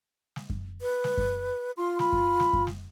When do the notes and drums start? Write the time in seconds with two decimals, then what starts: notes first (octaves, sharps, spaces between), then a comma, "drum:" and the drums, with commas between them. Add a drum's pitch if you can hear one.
0.36 drum: snare
0.50 drum: kick F#2
0.81 B4
1.04 drum: snare
1.18 drum: kick F#2
1.77 F4 C6
1.99 B5, drum: snare
2.13 drum: kick F#2
2.40 drum: snare
2.53 drum: kick F#2
2.67 drum: snare